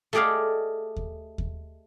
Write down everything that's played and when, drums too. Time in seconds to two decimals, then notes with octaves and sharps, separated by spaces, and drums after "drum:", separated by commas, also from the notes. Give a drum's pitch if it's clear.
0.13 A3 G4 G#4 D5 D#5 F5
0.96 drum: kick D#2
1.38 drum: kick D#2